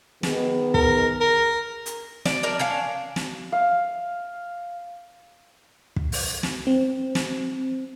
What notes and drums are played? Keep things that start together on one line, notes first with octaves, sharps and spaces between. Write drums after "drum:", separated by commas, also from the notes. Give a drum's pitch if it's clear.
D#3 B3 G#4, drum: snare
A#4, drum: kick
A#4
drum: hi-hat
D5, drum: snare
D4 A#4 D5
C#4 D4 F5
drum: snare
F5
drum: kick
drum: open hi-hat
drum: snare
C4
drum: snare